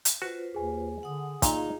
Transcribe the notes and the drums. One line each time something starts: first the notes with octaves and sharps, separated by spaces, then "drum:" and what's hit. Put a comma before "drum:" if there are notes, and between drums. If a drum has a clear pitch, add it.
drum: hi-hat
F4 F#4 B4 C5
D#2 G#4 G#5
D3 F#5 D#6
A#2 D#4 F4 G#4 F5 A#5 F7 G7, drum: kick, hi-hat